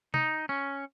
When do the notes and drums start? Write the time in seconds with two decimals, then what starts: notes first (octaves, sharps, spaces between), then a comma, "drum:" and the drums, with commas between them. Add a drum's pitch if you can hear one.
0.14 D#4, drum: tom
0.49 C#4